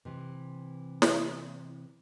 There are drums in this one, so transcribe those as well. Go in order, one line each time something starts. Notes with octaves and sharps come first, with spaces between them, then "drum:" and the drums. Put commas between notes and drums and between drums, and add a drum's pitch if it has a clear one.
C3 E3
drum: snare